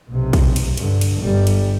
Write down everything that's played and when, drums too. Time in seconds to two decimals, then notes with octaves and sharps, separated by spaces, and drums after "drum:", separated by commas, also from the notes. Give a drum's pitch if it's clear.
0.11 B1 C3
0.33 drum: kick, cymbal
0.56 drum: cymbal
0.77 G2 D3, drum: cymbal
1.01 drum: cymbal
1.20 G1 G3
1.47 drum: cymbal